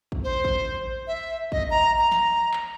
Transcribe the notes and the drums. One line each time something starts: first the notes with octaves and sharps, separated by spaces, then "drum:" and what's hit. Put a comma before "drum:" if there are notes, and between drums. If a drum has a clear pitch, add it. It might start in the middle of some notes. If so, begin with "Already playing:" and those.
drum: kick
C5
drum: kick
E5
D#5, drum: kick
A#5
A#5
drum: snare
drum: clap